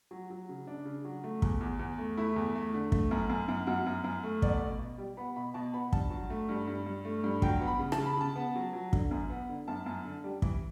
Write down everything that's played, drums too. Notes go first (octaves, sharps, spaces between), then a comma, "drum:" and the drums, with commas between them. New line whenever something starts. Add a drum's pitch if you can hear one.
F#3
F#3
C#3
C#3 D4
C#3
F#3
A3
E2, drum: kick
E2
E2
A3
A3 E4
E2
A3
D3
A3, drum: kick
F#2
F#2
F#2
F#2 F#4
F#2
F#2
A3
B3 D5, drum: kick
B2
B2
G3
B3 B5
B2 B5
B2 A5
B3 B5
G2 A5, drum: kick
F#3
A3
G2
G2
G2
A3
G2
F#3 G5, drum: kick
B3
B5
C#3
A5, drum: rim click
C#3
B5
C#3 A5
B3
F#3
F#3
D3, drum: kick
F#2
B3
D3
F#2 A5
F#2
D3
G3
E3, drum: kick